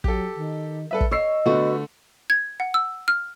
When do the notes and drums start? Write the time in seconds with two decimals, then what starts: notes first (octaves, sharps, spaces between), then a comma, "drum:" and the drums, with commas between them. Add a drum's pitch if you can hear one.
0.04 F#3 G4 A4, drum: kick
0.36 D#3
0.91 G3 A4 B4 E5
1.01 drum: kick
1.11 C#5 D#5 C#6 E6 C7
1.46 D3 A3 B3 F#4
2.30 G#6
2.60 F#5
2.74 E6
3.08 F6